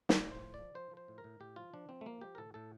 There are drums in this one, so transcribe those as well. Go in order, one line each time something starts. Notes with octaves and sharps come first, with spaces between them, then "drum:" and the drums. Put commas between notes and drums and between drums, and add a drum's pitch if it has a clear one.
A2 D5, drum: snare
A2 C5
F3
F3 D5
F3 C5
F3
C5
A2
A#4
A2
A2 G4
F3 F4
F3 D4
F3 C4
A3
F3 A#3
F3 G4
A#4
A2 A4
A2 A4